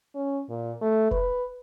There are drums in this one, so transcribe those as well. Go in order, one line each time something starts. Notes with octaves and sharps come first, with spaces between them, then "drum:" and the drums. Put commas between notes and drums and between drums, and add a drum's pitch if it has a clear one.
C#4
A#2
A3
B4, drum: kick F1